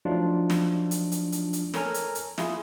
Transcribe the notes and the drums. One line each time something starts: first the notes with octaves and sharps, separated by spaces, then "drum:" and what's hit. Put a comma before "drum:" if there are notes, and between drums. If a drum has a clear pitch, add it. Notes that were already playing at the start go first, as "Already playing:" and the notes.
F3 F#3 A3 D4 D#4 F4
drum: snare
drum: hi-hat
drum: hi-hat
drum: hi-hat
drum: hi-hat
A4 A#4 C#5 G#5 A#5 F6, drum: snare
drum: hi-hat
drum: hi-hat
E4 F4 G#4, drum: snare